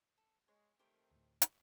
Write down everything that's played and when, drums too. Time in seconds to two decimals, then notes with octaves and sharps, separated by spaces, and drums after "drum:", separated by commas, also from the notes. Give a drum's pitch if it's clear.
0.18 A4
0.48 G#3 C#5
0.79 D#3 A3 C4 G4 A#4 C#5
1.11 D2 A2
1.42 drum: hi-hat